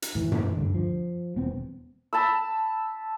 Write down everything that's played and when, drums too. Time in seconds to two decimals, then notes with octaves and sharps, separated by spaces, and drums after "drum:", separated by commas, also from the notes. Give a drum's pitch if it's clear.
0.02 drum: hi-hat
0.15 A2 E3
0.32 drum: tom F#2
0.57 D2 G2 D3
0.75 F3
1.36 E1 B3 C4
2.13 A5 B5 E6